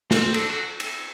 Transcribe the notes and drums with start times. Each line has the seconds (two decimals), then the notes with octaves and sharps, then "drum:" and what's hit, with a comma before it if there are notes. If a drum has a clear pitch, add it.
0.11 C4 A4, drum: snare
0.23 A4
0.34 D4 A4, drum: cymbal
0.49 F#4
0.80 drum: cymbal